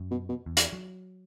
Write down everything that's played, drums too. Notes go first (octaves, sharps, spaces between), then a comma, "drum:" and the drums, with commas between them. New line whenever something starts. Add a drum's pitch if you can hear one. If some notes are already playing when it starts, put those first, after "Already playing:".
Already playing: F#2
B2
B2
E2
drum: hi-hat
F#3